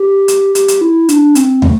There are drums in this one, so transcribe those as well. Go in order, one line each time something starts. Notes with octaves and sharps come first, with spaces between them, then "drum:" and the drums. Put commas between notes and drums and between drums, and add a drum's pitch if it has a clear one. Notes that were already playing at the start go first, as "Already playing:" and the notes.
Already playing: G4
drum: hi-hat
G4, drum: hi-hat
drum: hi-hat
E4
D4, drum: hi-hat
C4, drum: hi-hat
A3, drum: tom